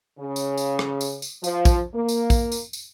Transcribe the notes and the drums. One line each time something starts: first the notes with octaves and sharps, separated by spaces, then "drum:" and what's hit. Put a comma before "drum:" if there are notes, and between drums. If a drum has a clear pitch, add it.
C#3
drum: tambourine
drum: tambourine
drum: rim click
drum: tambourine
drum: tambourine
F3, drum: tambourine
drum: kick, tambourine
A#3
drum: tambourine
drum: kick, tambourine
drum: tambourine
drum: tambourine